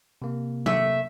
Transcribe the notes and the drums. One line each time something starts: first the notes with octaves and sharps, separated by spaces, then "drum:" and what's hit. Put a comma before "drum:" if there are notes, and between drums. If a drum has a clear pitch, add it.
C3 A#3
A3 E5, drum: tom F#3